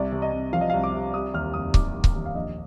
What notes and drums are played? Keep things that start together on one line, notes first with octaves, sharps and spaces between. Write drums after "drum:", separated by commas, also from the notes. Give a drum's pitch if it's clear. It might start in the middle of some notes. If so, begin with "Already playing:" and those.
Already playing: C2 D5
C3
D#5
C2
F3 F5
D#5
C2 F5
D6
C3
G3 D#6
D#2 F6
F1 D#6
D#3 D6, drum: kick C#1
G3
drum: kick C#1
D#2
F5
A#1 D#5